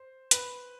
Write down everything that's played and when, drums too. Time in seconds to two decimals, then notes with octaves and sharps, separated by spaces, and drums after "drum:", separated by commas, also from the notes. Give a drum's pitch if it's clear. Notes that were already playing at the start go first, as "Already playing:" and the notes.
Already playing: C5
0.31 B4, drum: hi-hat